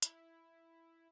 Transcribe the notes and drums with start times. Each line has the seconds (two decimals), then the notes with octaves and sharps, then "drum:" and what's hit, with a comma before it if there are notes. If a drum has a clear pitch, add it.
0.02 E4, drum: hi-hat